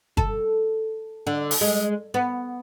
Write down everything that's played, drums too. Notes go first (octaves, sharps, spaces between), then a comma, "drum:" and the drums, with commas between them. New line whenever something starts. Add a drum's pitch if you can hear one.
A4, drum: kick
D3
drum: open hi-hat
G#3
B3